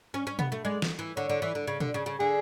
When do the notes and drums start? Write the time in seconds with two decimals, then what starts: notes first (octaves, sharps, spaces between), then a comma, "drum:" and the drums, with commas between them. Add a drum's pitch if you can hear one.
0.14 C#4
0.27 C#4
0.39 B3, drum: tom B2
0.52 A3
0.65 G#3 D5
0.82 drum: snare
0.99 E3
1.16 D3 C#5
1.29 D3
1.42 E3
1.55 D3
1.67 C#3
1.80 D3, drum: tom A#2
1.94 C#3
2.06 C#3
2.19 D3 G#4